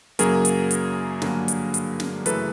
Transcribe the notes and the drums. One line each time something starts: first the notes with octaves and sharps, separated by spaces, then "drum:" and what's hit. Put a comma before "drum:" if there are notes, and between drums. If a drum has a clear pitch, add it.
F#2 C#3 F#3 A#3 G#4 A#4, drum: hi-hat
drum: hi-hat
drum: hi-hat
G2 D3 F#3 A#3, drum: snare
drum: hi-hat
drum: hi-hat
drum: snare
F#2 C#3 E3 A3 A4 B4, drum: hi-hat